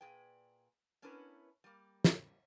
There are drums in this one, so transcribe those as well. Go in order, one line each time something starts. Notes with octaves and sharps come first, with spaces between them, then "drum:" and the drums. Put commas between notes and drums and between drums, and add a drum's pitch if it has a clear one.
A#2 G#4 B4 G5
B3 C#4 D4 E4 A#4 B4
G3 A#3
drum: snare